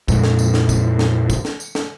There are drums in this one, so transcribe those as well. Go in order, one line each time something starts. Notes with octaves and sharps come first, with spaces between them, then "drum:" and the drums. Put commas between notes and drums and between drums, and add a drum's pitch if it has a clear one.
F2 A#2 G#3, drum: kick, tambourine
drum: snare
drum: tambourine
drum: snare
drum: kick, tambourine
drum: snare
drum: kick, tambourine
drum: snare
drum: tambourine
drum: snare